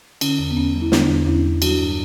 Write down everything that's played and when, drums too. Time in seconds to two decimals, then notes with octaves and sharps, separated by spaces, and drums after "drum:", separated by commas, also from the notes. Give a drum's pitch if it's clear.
0.21 D3 C#4, drum: cymbal
0.39 E2
0.51 B3
0.57 E2 C#4
0.75 G3
0.81 E4
0.92 D3 B3 D4, drum: snare
1.10 E2
1.27 E2 C#4 E4
1.44 G3
1.62 F#3 D4 F#4, drum: cymbal
1.80 G2